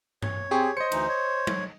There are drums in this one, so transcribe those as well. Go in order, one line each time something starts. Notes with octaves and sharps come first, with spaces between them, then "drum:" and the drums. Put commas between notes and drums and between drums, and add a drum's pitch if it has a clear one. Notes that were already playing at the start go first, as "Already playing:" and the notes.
C#5, drum: tom G2
C4 G4 G#4 C#6
C5 D#5 C#7
D2 E3 D#4, drum: cymbal
C#5
drum: tom